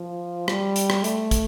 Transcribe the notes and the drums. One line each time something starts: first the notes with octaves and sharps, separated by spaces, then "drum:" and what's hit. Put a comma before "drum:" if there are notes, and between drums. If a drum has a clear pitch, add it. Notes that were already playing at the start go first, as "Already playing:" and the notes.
Already playing: F3
G3, drum: rim click
drum: hi-hat
drum: rim click
A3, drum: hi-hat
drum: kick, hi-hat